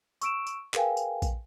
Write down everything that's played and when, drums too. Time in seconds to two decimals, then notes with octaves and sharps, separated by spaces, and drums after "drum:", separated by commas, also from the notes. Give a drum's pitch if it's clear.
0.21 C#6 E6 D7 E7, drum: tambourine
0.47 drum: tambourine
0.74 G#4 A#4 B4 F5 G5 G#5, drum: clap
0.97 drum: tambourine
1.22 drum: kick A#1, tambourine